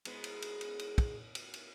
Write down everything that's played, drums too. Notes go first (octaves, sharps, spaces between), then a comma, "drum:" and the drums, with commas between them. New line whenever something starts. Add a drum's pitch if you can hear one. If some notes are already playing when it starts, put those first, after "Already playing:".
G#2 G#3 B3, drum: cymbal
drum: cymbal
drum: cymbal
drum: cymbal
drum: cymbal
drum: kick, cymbal
drum: cymbal
drum: cymbal